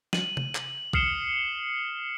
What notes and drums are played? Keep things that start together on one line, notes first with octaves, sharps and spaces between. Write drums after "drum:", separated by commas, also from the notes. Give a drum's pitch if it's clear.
D#7 F#7, drum: snare
drum: tom C3
drum: clap
D#6 F6 C7 C#7 E7 G7, drum: kick B1